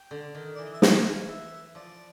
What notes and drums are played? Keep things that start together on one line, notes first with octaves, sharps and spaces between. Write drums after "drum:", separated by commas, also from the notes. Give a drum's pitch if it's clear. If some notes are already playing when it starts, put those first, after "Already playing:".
Already playing: G5
D3
D#3
E3 D5
D#5
E5
E3 F5, drum: snare
E5
F3 D5